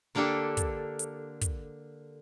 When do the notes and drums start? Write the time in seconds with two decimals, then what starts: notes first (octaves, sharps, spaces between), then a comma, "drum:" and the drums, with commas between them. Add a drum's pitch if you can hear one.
0.15 D3 A#3 D4 G4 A4
0.57 drum: kick, hi-hat
0.99 drum: hi-hat
1.41 drum: kick, hi-hat